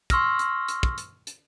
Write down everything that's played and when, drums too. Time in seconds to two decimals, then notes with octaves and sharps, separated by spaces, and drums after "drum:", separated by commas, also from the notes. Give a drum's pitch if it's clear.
0.10 C6 C#6 E6 F6 A#6, drum: kick, hi-hat
0.39 drum: hi-hat
0.68 drum: hi-hat
0.83 drum: kick
0.98 drum: hi-hat
1.27 drum: hi-hat